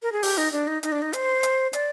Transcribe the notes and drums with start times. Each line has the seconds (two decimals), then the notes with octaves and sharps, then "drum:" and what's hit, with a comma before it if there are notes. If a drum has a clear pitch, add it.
0.02 A#4
0.12 G#4
0.23 G4, drum: open hi-hat
0.38 D#4
0.52 D4
0.67 D#4
0.83 D#4, drum: hi-hat
0.92 D4
1.02 D#4
1.13 C5, drum: hi-hat
1.43 drum: hi-hat
1.73 D5, drum: hi-hat